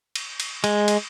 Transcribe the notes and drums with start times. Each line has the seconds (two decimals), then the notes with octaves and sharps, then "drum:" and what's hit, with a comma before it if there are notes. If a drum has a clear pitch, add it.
0.15 drum: cymbal
0.40 drum: cymbal
0.64 G#3, drum: cymbal
0.88 drum: cymbal